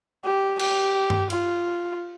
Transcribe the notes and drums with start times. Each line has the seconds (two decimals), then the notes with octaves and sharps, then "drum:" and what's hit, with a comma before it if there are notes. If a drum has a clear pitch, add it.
0.25 G4
0.59 G4, drum: cymbal
1.10 drum: tom G2
1.30 F4, drum: cymbal